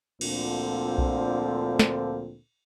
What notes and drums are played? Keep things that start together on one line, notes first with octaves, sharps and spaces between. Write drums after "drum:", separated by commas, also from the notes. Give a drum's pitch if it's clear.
D2 A#2 D3 F3 C4, drum: cymbal
drum: kick B1
drum: snare